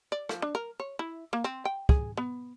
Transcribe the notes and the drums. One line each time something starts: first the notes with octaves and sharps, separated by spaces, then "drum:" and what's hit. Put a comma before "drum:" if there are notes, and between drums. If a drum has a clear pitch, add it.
D5
F3, drum: rim click
D4
A#4
C#5
E4
A#3
C4
G5
G#4, drum: kick
B3